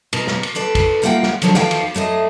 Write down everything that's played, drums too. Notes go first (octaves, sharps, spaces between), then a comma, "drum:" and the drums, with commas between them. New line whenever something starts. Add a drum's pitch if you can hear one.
B2 A#4, drum: cymbal
drum: snare
drum: cymbal
A4 B4 D5
drum: kick, cymbal
G3 A3 A#3 F4 F#5 G5
drum: snare
D3 D#3 F3 F#3 D4, drum: cymbal
E2 D#3 F3 A4 F5 G5, drum: snare
drum: cymbal
F#2 A3 A4 D#5